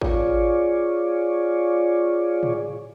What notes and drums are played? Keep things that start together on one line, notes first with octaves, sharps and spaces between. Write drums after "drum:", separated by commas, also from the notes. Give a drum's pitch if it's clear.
F4 G#4 C#5 D5, drum: kick G#1
drum: tom A2